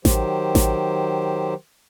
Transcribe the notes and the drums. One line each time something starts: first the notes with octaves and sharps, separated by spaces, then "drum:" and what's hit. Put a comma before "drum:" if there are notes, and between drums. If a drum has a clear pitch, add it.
D#3 F#3 G4 C5, drum: snare A1
drum: snare A1